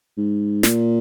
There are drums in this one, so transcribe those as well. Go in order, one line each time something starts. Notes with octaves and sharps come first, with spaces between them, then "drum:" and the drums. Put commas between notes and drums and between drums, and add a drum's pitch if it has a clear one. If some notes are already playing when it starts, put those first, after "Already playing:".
G#2
A#2, drum: snare